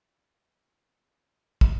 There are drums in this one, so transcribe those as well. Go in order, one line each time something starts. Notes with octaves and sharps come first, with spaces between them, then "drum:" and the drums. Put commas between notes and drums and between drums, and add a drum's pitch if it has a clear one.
D#4 F5
A2 C#4 A4 A#5 A6
drum: kick